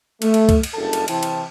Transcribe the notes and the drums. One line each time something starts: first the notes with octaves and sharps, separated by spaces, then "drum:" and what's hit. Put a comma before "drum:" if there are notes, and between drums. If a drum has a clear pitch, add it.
A3, drum: cymbal
drum: cymbal
drum: kick C#2, cymbal
drum: cymbal
F#1 G2 A4 A5
drum: cymbal
C3 E3 E4 C5 G5 A5, drum: cymbal
drum: cymbal